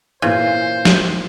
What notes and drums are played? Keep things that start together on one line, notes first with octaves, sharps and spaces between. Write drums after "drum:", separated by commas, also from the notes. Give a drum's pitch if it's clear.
A#2 C#3 E3 C5
drum: snare